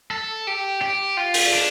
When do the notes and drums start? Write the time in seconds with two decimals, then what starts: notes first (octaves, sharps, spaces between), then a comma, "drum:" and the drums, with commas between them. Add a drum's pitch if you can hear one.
0.11 A4
0.47 G4
0.82 G4
1.17 F4
1.34 drum: open hi-hat
1.53 D4